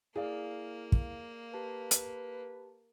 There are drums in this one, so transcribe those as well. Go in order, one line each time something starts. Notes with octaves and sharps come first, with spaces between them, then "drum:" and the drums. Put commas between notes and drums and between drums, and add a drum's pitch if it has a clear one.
A#3 E4 G#4 D5 F5
drum: kick
G4 B4 A5
drum: hi-hat